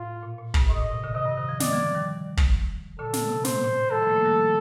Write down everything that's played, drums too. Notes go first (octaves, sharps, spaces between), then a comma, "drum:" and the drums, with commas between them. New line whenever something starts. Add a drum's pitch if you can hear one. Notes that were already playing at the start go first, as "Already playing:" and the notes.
Already playing: A2 F4
A#2
A#2
G2, drum: kick
A2 D#5
A#2
C3
A#2 D3
C3 D#3 D#5
G2
C3 D#3
D3 F3
D#3 G3 D5, drum: snare
D3 F3
D3 F3
D#3 G3
drum: kick
A#2 D3 A4
A#2 D3, drum: snare
C3
A#2 C5, drum: snare
A2
A#2
D#3 G3 A4
F3 A3
A#3
F3 A3
D#3 G3
D#3 G3